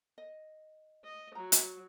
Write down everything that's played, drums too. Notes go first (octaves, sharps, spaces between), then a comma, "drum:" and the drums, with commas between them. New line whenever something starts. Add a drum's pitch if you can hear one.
D#5
D#5
F#3 A#5
drum: hi-hat